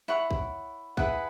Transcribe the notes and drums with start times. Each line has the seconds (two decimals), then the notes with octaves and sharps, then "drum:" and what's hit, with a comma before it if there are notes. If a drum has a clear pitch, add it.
0.08 E4 C#5 F#5 C#6
0.31 drum: kick
0.97 E4 G#4 B4 F#5, drum: kick